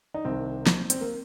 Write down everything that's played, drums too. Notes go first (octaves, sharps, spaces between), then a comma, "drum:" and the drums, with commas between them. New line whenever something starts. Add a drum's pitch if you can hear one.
D#4
C2 C3 D#3 C4
drum: snare
C4, drum: hi-hat
A#3